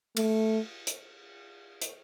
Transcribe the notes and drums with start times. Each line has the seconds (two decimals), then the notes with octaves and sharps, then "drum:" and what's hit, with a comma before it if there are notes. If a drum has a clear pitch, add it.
0.17 A3, drum: cymbal
0.87 drum: hi-hat
1.82 drum: hi-hat